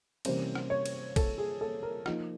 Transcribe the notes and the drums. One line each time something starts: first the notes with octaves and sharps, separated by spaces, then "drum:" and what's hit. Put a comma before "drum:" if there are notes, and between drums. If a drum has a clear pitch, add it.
C3 E3 G3 A#3 C#4 C5, drum: cymbal
drum: rim click
C#5
drum: cymbal
A4, drum: kick A#1, cymbal
G#4
A4
A#4
F3 A#3 D#4, drum: rim click